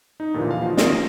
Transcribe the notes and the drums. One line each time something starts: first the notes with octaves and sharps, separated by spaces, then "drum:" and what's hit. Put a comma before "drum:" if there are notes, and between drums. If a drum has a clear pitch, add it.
D#4
D#2 A#2 D3 E3 F3
F5
F3 D#4 F#4
D#3 F3 F#3 D#4, drum: snare
A#6